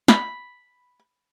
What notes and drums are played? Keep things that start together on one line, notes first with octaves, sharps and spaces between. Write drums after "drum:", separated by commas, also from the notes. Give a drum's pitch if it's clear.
B5, drum: snare